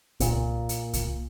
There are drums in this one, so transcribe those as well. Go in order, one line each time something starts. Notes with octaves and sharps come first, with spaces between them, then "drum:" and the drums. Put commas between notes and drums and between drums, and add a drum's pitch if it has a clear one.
A#2, drum: kick C2, hi-hat
drum: hi-hat
drum: kick C2, hi-hat